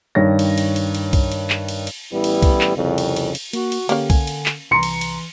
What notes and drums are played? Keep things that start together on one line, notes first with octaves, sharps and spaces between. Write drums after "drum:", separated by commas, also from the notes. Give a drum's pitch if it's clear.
G2 D#3 C#5 A#6
drum: cymbal
drum: cymbal
drum: cymbal
drum: cymbal
drum: kick, cymbal
drum: cymbal
drum: clap
drum: cymbal
drum: cymbal
A1 G3 B3 E4
drum: cymbal
drum: kick, cymbal
drum: clap
C2 F2 C#3
drum: cymbal
drum: cymbal
drum: cymbal
A#3 F#4, drum: cymbal
drum: cymbal
D3 A#3 C#4 G4 F5, drum: cymbal
G#5, drum: kick, cymbal
drum: cymbal
drum: clap
C2 E3 A#5 C6 C#7
drum: cymbal
drum: cymbal